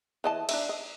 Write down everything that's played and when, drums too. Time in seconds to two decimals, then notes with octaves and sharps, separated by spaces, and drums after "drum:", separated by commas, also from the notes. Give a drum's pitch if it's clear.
0.24 E3 D#5 A5
0.49 D4 D#4 E5, drum: cymbal
0.69 D#5